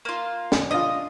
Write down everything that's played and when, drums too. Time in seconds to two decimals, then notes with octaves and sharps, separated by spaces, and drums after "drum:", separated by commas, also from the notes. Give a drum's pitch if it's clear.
0.05 A#3 F4
0.52 drum: snare
0.71 D4 F4 D#5